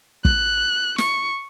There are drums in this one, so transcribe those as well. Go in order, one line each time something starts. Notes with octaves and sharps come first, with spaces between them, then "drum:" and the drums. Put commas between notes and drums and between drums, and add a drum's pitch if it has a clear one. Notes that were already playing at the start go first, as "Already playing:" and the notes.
F#6, drum: kick
C#6, drum: snare